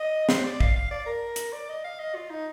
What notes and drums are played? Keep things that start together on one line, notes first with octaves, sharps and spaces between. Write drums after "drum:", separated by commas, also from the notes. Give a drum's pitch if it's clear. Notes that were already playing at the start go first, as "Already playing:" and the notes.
Already playing: D#5
C5, drum: snare
D5
F5, drum: kick A#1
F5
D5
A#4
drum: hi-hat
D5
D#5
F5
D#5
F4
D#4